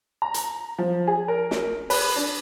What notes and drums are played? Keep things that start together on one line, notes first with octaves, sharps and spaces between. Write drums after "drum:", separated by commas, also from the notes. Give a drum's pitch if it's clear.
A#5
drum: hi-hat
F3
G#4
A#4
drum: snare
B4, drum: open hi-hat
D4